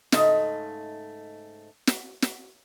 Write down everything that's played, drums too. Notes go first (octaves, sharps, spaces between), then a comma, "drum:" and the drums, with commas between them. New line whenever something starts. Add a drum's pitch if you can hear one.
G#2 C#3 A3 D#4 D#5, drum: snare
drum: snare
drum: snare